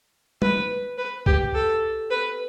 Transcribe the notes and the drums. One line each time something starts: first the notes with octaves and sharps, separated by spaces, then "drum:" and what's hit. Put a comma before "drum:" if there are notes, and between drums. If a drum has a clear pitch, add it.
B4, drum: tom
B4
G4, drum: kick C2
A4
B4